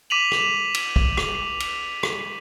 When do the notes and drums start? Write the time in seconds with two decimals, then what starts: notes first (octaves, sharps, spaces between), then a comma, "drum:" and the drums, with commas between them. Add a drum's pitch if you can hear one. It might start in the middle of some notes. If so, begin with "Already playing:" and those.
0.10 D6 B6 D#7 F7 F#7
0.32 drum: rim click
0.75 drum: cymbal
0.96 drum: kick
1.17 drum: rim click
1.60 drum: cymbal
2.03 drum: rim click